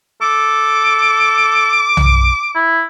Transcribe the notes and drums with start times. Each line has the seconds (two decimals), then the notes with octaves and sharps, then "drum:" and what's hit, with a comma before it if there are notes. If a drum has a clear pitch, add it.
0.22 A4 D6
1.97 drum: tom
2.55 E4